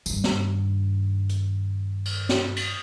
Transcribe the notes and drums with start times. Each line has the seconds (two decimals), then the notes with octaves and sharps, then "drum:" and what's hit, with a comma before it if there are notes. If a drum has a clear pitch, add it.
0.06 G2 D#3, drum: tambourine
0.24 drum: snare
1.29 drum: hi-hat
2.05 drum: cymbal
2.29 drum: snare
2.56 drum: cymbal